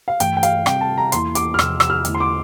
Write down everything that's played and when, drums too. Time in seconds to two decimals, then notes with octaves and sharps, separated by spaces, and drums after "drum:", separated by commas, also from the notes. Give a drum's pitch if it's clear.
0.08 F5
0.20 G2 E3 A3 G5, drum: hi-hat
0.37 G5
0.43 F5, drum: hi-hat
0.66 C3 G3 C4 G5, drum: rim click
0.81 A5
0.98 A#5
1.12 E2 E3 A#3 E4 C6, drum: hi-hat
1.35 D6, drum: hi-hat
1.54 F6
1.59 E2 C3 F3 E6, drum: rim click
1.80 E6, drum: rim click
1.90 F6
2.05 E2 D3 A3 E4, drum: hi-hat
2.15 C6
2.20 D6